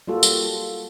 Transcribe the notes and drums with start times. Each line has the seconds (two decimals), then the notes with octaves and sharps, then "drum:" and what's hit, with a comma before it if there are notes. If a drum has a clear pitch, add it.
0.08 G3 A#3 F4 F#4 A4
0.23 drum: tambourine